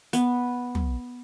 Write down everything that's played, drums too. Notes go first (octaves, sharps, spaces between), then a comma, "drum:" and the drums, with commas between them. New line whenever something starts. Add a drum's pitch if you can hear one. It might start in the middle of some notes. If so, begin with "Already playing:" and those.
B3, drum: hi-hat
drum: tom